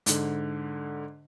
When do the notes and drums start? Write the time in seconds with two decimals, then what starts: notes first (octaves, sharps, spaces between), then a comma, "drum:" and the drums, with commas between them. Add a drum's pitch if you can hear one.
0.06 G#2 D3, drum: hi-hat